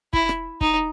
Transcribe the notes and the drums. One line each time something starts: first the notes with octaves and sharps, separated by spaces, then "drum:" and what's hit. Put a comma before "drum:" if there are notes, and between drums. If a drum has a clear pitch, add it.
E4, drum: kick
drum: rim click
D#4, drum: kick